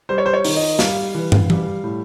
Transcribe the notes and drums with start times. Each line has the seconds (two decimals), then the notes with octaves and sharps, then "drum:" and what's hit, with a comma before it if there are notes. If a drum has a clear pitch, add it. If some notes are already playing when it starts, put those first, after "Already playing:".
0.09 G3 C5
0.18 C#5
0.26 C5
0.34 C#5
0.44 D#3, drum: open hi-hat
0.56 D#5
0.79 G3 F5, drum: snare
1.15 E3
1.32 drum: tom
1.50 G3, drum: tom E3
1.84 A2